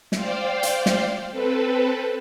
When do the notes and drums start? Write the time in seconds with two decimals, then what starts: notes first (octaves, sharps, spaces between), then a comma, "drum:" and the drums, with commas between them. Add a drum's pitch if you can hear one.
0.12 C5 D5 F5 G5, drum: snare
0.63 drum: hi-hat
0.86 drum: snare
1.31 C4 A4 B4